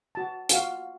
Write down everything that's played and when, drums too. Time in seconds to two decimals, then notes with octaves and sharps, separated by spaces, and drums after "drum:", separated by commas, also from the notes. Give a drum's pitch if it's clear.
0.15 F#4 A5
0.49 F4 F#4 F5, drum: hi-hat